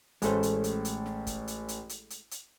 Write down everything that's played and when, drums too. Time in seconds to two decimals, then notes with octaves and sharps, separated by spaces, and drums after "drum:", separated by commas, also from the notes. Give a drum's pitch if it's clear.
0.22 A1 G#3 A3 C#4 A4 C5, drum: hi-hat
0.43 drum: hi-hat
0.64 drum: hi-hat
0.85 drum: hi-hat
1.06 drum: snare
1.27 drum: kick F#1, hi-hat
1.48 drum: hi-hat
1.68 drum: hi-hat
1.89 drum: hi-hat
2.10 drum: hi-hat
2.31 drum: hi-hat